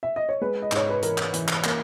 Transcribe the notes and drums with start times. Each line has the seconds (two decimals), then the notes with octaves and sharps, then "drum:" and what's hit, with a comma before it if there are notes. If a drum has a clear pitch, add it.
0.03 E5
0.16 D#5
0.29 C#5
0.41 G#3 B4
0.62 D#5
0.72 G#2 C#5, drum: clap
0.89 B4
1.02 E3 A#4, drum: hi-hat
1.18 drum: clap
1.34 E3, drum: hi-hat
1.48 drum: clap
1.64 A#3, drum: clap